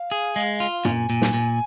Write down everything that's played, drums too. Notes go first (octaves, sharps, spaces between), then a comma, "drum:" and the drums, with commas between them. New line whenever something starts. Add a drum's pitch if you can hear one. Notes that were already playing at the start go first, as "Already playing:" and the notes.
Already playing: F5
G#4
G#3
F4
A#2 G#5, drum: tom
A#2
drum: snare
A#2